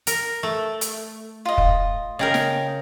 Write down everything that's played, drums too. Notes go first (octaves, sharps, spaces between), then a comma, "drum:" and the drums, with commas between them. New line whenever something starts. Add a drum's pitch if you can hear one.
A#4, drum: hi-hat
A3
drum: hi-hat
F4 D#5
drum: kick
C#3 A#4 D#5 G5
drum: snare